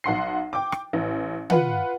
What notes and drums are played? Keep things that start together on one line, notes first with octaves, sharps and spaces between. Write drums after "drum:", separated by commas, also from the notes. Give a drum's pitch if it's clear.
B1 F#5 C6 C7
G5 D6
drum: rim click
A1
F4 B4 F#5, drum: tom